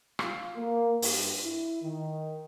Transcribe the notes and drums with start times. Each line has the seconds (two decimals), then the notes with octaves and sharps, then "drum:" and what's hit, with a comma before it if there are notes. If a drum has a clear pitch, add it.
0.19 F4, drum: rim click
0.55 A#3
1.02 G2, drum: open hi-hat
1.42 E4
1.82 D#3